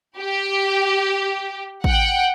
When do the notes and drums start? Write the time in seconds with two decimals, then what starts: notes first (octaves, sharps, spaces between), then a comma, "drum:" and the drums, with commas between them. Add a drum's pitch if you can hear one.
0.18 G4
1.84 F#5 G5, drum: kick